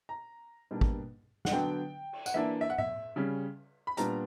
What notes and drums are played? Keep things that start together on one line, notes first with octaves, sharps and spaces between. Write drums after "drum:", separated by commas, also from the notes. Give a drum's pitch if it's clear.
A#5
B2 G3 A#3 D4
drum: kick
F#5, drum: snare
D3 F#3 B3 D4 G5
drum: cymbal
F#5, drum: tambourine
E3 A#3 D4 E5
E5
F#5
E5, drum: tom A2
C#3 G3 C#4
B5
A#2 G3 B3 D4 A#5, drum: hi-hat